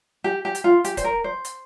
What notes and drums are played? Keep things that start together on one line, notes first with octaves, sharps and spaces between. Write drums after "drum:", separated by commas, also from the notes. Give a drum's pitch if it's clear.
G4
G4
drum: hi-hat
F4
G4, drum: hi-hat
C5, drum: kick D1, hi-hat
A#4
C5
drum: hi-hat